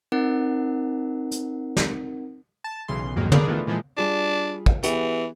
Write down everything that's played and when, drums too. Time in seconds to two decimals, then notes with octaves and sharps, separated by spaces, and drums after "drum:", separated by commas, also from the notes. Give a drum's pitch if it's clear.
0.12 C4 D#4 A#4 F#5
1.31 drum: hi-hat
1.77 drum: snare
2.64 A5
2.88 B1 C#3 E3 C6
3.16 A#1 F2 G#2 D#3 F#3 A#3
3.32 D4 G#4 A#4 B4 D5, drum: tom
3.47 D#3 E3 A3 B3 D4 F4
3.67 A#2 E3 F3 G#3
3.98 G3 D4 F4 G#4
4.66 drum: kick
4.83 E3 B3 G4 G#4, drum: hi-hat